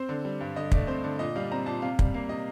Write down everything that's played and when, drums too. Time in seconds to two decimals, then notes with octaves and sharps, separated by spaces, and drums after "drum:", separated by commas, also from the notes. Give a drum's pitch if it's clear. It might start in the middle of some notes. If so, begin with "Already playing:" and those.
Already playing: C4 C5
0.09 D3
0.25 G3
0.41 G2
0.56 D3 D#5
0.72 A3 D5, drum: kick
0.87 C4 C5
1.04 D3
1.19 A#2 D#5
1.35 G3 F5
1.51 C4 A#5
1.66 A#2 A5
1.82 C3 F5
1.99 G3, drum: kick
2.14 A#3 F5
2.29 C3 D#5